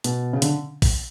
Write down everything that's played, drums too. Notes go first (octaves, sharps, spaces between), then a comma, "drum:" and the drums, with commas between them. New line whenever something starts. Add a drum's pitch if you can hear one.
B2, drum: hi-hat
C#3
D3, drum: hi-hat
drum: kick, open hi-hat